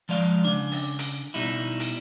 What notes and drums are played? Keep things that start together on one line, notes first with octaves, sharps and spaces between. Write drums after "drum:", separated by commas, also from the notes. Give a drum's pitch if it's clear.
F3 G#3 D5 F5
C#3 D4
drum: open hi-hat
drum: hi-hat
B2 G3 D#4 E4
drum: hi-hat